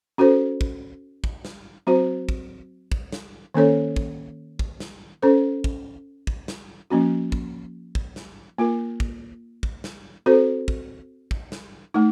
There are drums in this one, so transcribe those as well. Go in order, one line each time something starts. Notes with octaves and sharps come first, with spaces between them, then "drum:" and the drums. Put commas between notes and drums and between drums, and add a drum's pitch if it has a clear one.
C#4 F#4 A4 C5
drum: kick
drum: kick
drum: snare
F#3 C4 F#4 C5
drum: kick
drum: kick
drum: snare
D#3 A#3 C#4 A4 C#5
drum: kick
drum: kick
drum: snare
C#4 A4 C5
drum: kick
drum: kick
drum: snare
F3 A#3 C#4 F#4
drum: kick
drum: kick
drum: snare
A#3 F4 A#4
drum: kick
drum: kick
drum: snare
C4 F#4 A4 C5
drum: kick
drum: kick
drum: snare
A3 D#4